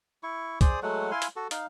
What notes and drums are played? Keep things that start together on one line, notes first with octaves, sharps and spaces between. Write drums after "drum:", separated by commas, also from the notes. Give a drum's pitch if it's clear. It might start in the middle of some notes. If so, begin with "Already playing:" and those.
E4 C#6
G#4 C5 D5 D#6, drum: kick, hi-hat
F#3 G#3 A3 F#5
E4 F5 G#5 C6
drum: hi-hat
F#4 A4
D#4 F5, drum: hi-hat